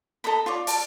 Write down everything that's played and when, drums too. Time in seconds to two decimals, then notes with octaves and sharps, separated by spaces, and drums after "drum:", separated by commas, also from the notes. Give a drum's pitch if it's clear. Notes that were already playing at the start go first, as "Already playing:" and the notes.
0.24 A4 D#5 A#5 B5
0.46 F4 C#5 D5
0.67 A5, drum: open hi-hat